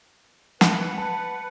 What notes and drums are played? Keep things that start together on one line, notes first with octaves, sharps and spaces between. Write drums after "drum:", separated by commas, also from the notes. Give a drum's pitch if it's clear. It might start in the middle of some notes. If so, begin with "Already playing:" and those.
B4 F#5, drum: snare
A5